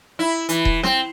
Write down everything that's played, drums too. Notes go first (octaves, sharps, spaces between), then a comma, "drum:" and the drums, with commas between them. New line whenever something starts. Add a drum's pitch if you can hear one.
E4
E3, drum: hi-hat
drum: kick D#1
C4, drum: snare